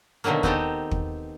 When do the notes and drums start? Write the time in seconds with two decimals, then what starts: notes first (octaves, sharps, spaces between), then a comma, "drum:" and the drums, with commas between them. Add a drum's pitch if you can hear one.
0.24 B2 D3 D#3 F#3 A#3
0.43 B3 C4 D#4 G4 A4, drum: kick
0.91 drum: kick